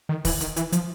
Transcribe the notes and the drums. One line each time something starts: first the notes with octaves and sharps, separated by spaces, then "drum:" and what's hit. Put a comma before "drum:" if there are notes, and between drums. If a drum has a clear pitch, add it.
D#3
E3, drum: kick, open hi-hat
D#3, drum: hi-hat
E3, drum: hi-hat
F3, drum: hi-hat